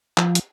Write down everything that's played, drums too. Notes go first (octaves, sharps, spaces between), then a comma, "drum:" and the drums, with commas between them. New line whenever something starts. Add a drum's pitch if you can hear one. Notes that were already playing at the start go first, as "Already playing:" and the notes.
F3, drum: clap
drum: hi-hat